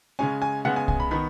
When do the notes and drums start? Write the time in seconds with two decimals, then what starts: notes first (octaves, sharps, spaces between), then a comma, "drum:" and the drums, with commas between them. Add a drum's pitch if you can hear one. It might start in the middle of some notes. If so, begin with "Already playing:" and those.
0.19 C#3 G#3 C#4 G#5
0.42 G#5
0.65 C#3 G#3 B3 F#5
0.76 G#5
0.88 G#5, drum: kick
1.00 B5
1.11 D#3 B3 B5